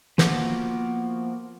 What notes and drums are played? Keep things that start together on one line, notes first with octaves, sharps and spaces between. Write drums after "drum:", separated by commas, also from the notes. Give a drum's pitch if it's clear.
F3 A#3 B3 F#4 D6, drum: snare